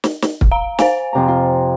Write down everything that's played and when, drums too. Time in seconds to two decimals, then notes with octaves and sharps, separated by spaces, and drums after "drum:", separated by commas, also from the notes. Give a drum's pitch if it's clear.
0.04 drum: snare
0.22 drum: snare
0.41 drum: kick
0.52 F5 A#5
0.79 C5 F5 G#5, drum: snare
1.13 F2 C3 A#5
1.28 F4